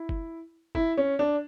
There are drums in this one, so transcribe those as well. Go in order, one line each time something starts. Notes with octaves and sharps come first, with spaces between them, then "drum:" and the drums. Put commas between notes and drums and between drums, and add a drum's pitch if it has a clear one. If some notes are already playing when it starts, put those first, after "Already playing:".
Already playing: E4
drum: kick
E4, drum: kick
C#4
D4